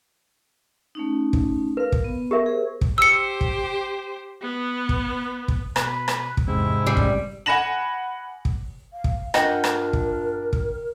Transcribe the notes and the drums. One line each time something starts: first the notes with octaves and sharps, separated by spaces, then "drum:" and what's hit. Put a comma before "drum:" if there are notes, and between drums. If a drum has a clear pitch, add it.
A3 C#4 D#4
drum: kick
A#4 B4 F5
drum: kick
B3
G4 A#4 E5
G#4 C5
drum: kick
G4 C5 E6 C#7
drum: kick
B3
drum: kick
drum: kick
B2 B4, drum: rim click
drum: rim click
drum: kick
E2 G#2 C3 E4
G2 A#2 C#3 G3
drum: kick
F#5 G#5 B5 A#6 E7 F#7
drum: kick
F5
drum: kick
G2 A#2 D4 A#4 D#5 F#5 G5, drum: rim click
drum: rim click
drum: kick
drum: kick